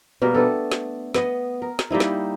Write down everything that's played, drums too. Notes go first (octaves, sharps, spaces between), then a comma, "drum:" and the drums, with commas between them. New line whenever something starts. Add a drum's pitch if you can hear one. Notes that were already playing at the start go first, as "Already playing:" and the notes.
B2 G3 A#3 A#4
A3 B3 D4 A4
drum: snare
B3 D#5, drum: snare
A#4
drum: snare
G3 A#3 D#4 E4
drum: snare